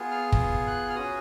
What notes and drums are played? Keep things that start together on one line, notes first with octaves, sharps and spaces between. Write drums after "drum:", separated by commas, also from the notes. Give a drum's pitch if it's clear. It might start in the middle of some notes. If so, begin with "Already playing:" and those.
Already playing: B3 F4 G#4
F6
drum: kick
F#6
F6
C#4 F#4 D#6